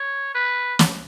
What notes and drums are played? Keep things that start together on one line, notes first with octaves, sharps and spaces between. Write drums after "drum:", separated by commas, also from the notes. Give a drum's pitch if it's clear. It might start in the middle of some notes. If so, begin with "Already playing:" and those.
Already playing: C#5
B4
drum: snare